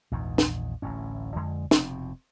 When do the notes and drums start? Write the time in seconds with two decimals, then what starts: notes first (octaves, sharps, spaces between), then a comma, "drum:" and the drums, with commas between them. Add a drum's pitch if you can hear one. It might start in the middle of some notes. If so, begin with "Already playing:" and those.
0.11 A#1 E2 G#2 D#3
0.38 drum: snare
0.82 D1 A1 A2 C#4
1.36 F2 D3 G#3
1.71 F1 B2 C4, drum: snare